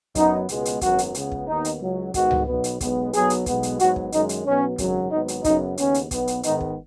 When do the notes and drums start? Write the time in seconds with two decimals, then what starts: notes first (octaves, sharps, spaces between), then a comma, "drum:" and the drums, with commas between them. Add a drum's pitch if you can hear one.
0.15 F#2 F#3 B3 D#4, drum: kick, hi-hat
0.49 C#2 B2 G#3 B3, drum: hi-hat
0.65 drum: hi-hat
0.81 G#1 F#2 F#3 B3 F#4, drum: kick, hi-hat
0.98 drum: hi-hat
1.15 C#2 C#3 B3, drum: hi-hat
1.32 drum: kick
1.47 D#2 D#3 B3 D#4
1.65 drum: hi-hat
1.81 C#2 C#3 F#3
2.14 G#2 D#3 G#3 B3 F#4, drum: kick, hi-hat
2.31 drum: tom C#2
2.47 B1 B2 B3
2.64 drum: hi-hat
2.81 B1 B2 G#3 B3, drum: kick, hi-hat
3.13 B1 B2 F#3 B3 G#4, drum: hi-hat
3.30 drum: hi-hat
3.46 B1 B2 G#3 B3, drum: kick, hi-hat
3.63 drum: hi-hat
3.79 G#2 F#3 B3 F#4, drum: hi-hat
3.96 drum: kick
4.12 F#2 D#3 G#3 D#4, drum: hi-hat
4.29 drum: hi-hat
4.45 B1 B2 F#3 B3 C#4
4.78 G#1 F#2 C#3 F#3, drum: kick, hi-hat
5.11 G#1 G#2 F#3 B3 D#4
5.28 drum: hi-hat
5.44 F#2 C#3 B3 D#4, drum: kick, hi-hat
5.78 D#2 C#3 B3 C#4, drum: hi-hat
5.94 drum: hi-hat
6.11 B1 B2 B3, drum: kick, hi-hat
6.27 drum: hi-hat
6.43 G#2 D#3 G#3 B3 D#4, drum: hi-hat
6.61 drum: kick